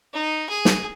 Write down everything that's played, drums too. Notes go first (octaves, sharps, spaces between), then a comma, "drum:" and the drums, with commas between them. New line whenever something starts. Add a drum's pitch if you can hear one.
D#4
G#4
drum: snare